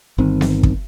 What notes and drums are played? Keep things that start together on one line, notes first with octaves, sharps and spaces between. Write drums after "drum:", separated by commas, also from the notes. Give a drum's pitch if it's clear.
G1 D#3 C4
drum: snare B3
drum: kick